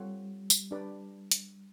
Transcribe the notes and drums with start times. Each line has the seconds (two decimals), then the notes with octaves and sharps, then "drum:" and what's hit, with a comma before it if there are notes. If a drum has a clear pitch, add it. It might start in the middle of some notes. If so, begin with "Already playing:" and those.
Already playing: G3 C4 F4 A4 C#5 F#5
0.50 drum: tambourine
0.71 D4 G4 B4 D5
1.32 drum: hi-hat